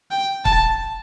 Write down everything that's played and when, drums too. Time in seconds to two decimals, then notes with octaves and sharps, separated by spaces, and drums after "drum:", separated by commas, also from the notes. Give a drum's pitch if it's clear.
0.11 G5
0.45 A5, drum: kick